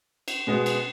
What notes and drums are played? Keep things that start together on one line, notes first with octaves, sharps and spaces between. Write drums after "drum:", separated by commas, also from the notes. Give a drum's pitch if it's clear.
drum: cymbal
B2 G#3 B3
drum: cymbal